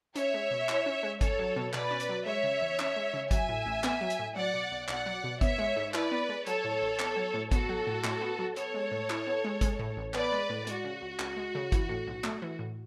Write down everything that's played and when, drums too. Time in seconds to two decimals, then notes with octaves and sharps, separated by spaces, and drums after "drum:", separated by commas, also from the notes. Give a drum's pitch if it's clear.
0.16 C#4 C#5 E5, drum: hi-hat
0.34 G#3
0.51 B2
0.69 E4, drum: clap
0.86 C#4
1.03 G#3
1.21 C#4 A4 C#5, drum: kick, hi-hat
1.39 F#3
1.56 B2
1.73 B2 B4 D5, drum: clap
1.91 C#4
2.00 drum: hi-hat
2.09 F#3
2.26 G#3 C#5 E5
2.43 C#3
2.61 E2
2.79 C#4, drum: clap
2.96 G#3
3.14 C#3
3.31 F#3 E5 G#5, drum: kick, hi-hat
3.49 A2
3.66 A1
3.84 B3, drum: clap
4.01 F#3
4.10 drum: hi-hat
4.19 A2
4.36 F#3 D5 F#5
4.54 B2
4.72 B1
4.88 B1 D5 F#5, drum: clap
5.06 F#3
5.24 B2
5.41 B3 C#5 E5, drum: kick, hi-hat
5.58 G#3
5.76 G#2
5.94 E4 B4 D5, drum: clap
6.12 B3
6.29 G#3
6.47 F#3 A4 C#5, drum: hi-hat
6.64 A2
6.82 A1
6.99 B3, drum: clap
7.16 F#3
7.34 A2
7.51 B3 F#4 A4, drum: kick, hi-hat
7.69 F#3
7.87 A2
8.04 A2, drum: clap
8.21 B3
8.39 F#3
8.56 B3 A4 C#5, drum: hi-hat
8.74 G#3
8.91 A2
9.10 E4, drum: clap
9.27 B3
9.44 G#3
9.61 G#3, drum: kick, hi-hat
9.79 A2
9.97 A1
10.14 B3 B4 D5, drum: clap
10.32 G#3
10.50 A2
10.67 G#3 F#4, drum: hi-hat
10.84 C#3
11.02 C#2
11.19 C#2, drum: clap
11.37 G#3
11.55 C#3
11.72 E3, drum: kick, hi-hat
11.89 A2
12.07 B1
12.24 A3, drum: clap
12.42 E3
12.59 A2